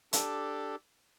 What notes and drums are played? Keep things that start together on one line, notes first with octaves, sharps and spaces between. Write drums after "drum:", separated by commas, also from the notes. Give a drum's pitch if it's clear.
D4 G4 A4, drum: hi-hat